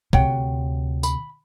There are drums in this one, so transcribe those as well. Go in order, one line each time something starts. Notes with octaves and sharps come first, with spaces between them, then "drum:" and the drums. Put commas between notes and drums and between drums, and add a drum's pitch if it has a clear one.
D2 C3 C#5 F#5 G5, drum: kick B1
B5, drum: tambourine